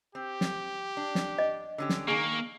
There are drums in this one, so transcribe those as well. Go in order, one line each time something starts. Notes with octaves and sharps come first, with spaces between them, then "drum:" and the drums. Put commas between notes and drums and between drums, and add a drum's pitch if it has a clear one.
C4 G4
drum: snare
D4
drum: snare
D#5
D3 C#4 G4
drum: snare
D#3 A#3 G#4 C#6